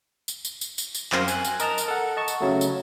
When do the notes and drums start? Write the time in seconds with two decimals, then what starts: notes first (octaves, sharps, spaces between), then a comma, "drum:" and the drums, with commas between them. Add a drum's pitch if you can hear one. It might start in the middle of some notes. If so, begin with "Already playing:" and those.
0.28 drum: tambourine
0.45 drum: tambourine
0.61 drum: tambourine
0.78 drum: tambourine
0.95 drum: tambourine
1.12 F#2 C4 F5 C6 A#6, drum: clap
1.28 G#5 F#6, drum: tambourine
1.45 drum: tambourine
1.60 A#4 D#5 A5 A#5, drum: tambourine
1.78 drum: tambourine
1.88 A4 F#5
2.17 D#5 A5 C#6
2.28 drum: tambourine
2.41 C#3 F#3 A3
2.61 drum: tambourine